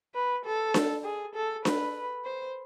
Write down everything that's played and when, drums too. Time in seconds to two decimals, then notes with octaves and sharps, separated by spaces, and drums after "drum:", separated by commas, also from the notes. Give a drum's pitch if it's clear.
0.15 B4
0.45 A4
0.74 drum: snare D4
1.04 G#4
1.35 A4
1.65 B4, drum: snare D4
2.24 C5